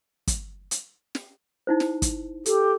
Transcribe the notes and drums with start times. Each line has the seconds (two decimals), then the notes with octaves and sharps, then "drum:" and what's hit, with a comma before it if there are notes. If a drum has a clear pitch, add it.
0.27 drum: kick, hi-hat
0.71 drum: hi-hat
1.15 drum: snare
1.67 D#4 E4 C5
1.80 drum: snare
2.02 drum: kick, hi-hat
2.46 G4 A4, drum: hi-hat